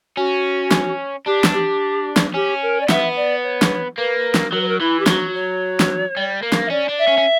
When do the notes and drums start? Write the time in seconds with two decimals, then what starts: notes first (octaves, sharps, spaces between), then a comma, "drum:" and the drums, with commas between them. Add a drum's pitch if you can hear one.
0.17 C#4 F#4
0.71 drum: snare
1.26 D4 G4
1.44 drum: snare
1.53 G4
2.16 drum: snare
2.34 C#4 G4
2.62 A#4
2.80 D5
2.89 B3 E5, drum: snare
3.16 D5
3.44 C#5
3.62 drum: snare
3.98 A#3 B4
4.34 drum: snare
4.53 F#3 A#4
4.61 B4
4.68 A#4
4.80 E3 E4
4.99 G4
5.06 F#3 F#4, drum: snare
5.34 C#5
5.80 drum: snare
6.17 G3
6.43 A#3
6.52 drum: snare
6.67 E5
6.70 C#4 D5
6.89 D4
6.98 E5
7.08 C#4
7.18 C#4